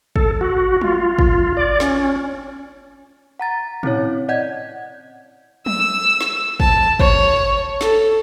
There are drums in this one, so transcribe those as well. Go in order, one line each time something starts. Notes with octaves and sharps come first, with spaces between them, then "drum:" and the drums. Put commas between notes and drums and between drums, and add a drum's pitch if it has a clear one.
A4, drum: kick
F#4
F4, drum: tom
drum: kick
D5
C#4, drum: snare
F#5 A#5 A6
C4 C#4 E4 C#5, drum: tom
D5 D#5 F#5 G6 G#6
E6, drum: tom
drum: snare
A5, drum: kick
C#5, drum: kick
A4, drum: snare